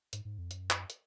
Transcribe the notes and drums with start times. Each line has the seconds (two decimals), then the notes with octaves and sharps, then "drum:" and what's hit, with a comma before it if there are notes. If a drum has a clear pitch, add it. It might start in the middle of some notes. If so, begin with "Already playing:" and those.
0.13 G#2, drum: hi-hat
0.25 G#2
0.38 F2
0.51 F#2, drum: hi-hat
0.70 drum: clap
0.90 drum: hi-hat